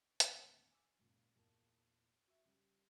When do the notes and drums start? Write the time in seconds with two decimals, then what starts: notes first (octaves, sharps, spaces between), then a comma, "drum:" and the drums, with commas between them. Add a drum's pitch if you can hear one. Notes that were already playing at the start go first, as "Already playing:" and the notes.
0.20 D#2 A2 D3 G#3 B3 C4, drum: hi-hat
0.71 G#5 D6 E6
0.99 G#1 A#2 C#3
1.35 E2 A#2 A#4 A5
2.27 F#4 E5
2.45 C#3 G3